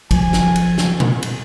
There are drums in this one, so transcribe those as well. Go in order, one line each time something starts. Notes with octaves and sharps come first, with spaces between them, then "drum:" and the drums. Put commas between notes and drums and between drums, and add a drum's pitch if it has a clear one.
F3 G#5, drum: kick, cymbal
drum: snare
drum: cymbal
drum: snare
drum: tom A#2
drum: cymbal